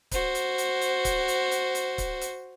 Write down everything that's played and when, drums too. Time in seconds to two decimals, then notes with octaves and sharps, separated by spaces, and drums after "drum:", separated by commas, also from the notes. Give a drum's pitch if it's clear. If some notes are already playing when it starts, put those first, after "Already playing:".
0.11 F#4 C5, drum: kick C#1, hi-hat
0.35 drum: hi-hat
0.58 drum: hi-hat
0.81 drum: hi-hat
1.05 drum: kick C#1, hi-hat
1.28 drum: hi-hat
1.51 drum: hi-hat
1.75 drum: hi-hat
1.98 drum: kick C#1, hi-hat
2.21 drum: hi-hat